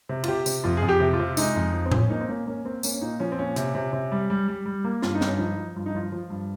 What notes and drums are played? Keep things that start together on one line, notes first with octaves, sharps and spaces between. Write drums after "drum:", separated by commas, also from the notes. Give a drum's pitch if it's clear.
C3
F4, drum: cymbal
C3 G4
C3, drum: tambourine
F2 F4
G#4
F2
G4
C3
F4
C3
G#3 D#4, drum: tambourine
F2
F3
C4
F3, drum: tom A2
C#4
A#3 D#4
C4
A#3 C#4
A#3 C#4
A#3 C4
A#3 C#4, drum: tambourine
C#4
A#2 D#4
F3 C#4
C4
A#2 C#4
C3, drum: hi-hat
C3
C3
G3
G3
G3
G3
A#3
G2 F4, drum: snare
D#4
G2 C#4, drum: snare
F3 D#4
F3
G2 F4
D#4
F3 F4
F3
G2